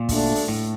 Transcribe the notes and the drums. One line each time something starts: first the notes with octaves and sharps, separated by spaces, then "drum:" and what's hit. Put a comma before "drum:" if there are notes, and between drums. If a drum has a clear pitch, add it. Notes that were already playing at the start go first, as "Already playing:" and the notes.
Already playing: A#2
D2 D3 A3 D4, drum: kick, open hi-hat
drum: open hi-hat
A2